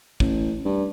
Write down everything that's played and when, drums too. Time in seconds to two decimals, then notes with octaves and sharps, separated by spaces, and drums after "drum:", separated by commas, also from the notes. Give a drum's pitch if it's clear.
0.20 A1, drum: kick
0.65 G2